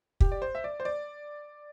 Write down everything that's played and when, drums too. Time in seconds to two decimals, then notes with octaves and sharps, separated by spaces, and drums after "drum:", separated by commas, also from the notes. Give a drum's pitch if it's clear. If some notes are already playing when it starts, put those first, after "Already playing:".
0.20 G4, drum: kick
0.32 D5
0.42 C5
0.55 E5
0.64 D5
0.80 C5
0.85 D5